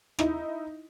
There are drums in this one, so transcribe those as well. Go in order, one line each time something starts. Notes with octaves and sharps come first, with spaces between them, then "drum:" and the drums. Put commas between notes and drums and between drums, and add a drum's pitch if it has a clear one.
D#4 E4, drum: rim click